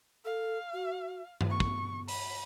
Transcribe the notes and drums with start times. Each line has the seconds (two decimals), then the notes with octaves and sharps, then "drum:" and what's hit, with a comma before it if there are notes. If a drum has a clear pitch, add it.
0.25 A4 F5
0.73 F#4
1.41 drum: tom G2
1.50 B3 C#6
1.60 drum: kick
2.08 B5, drum: open hi-hat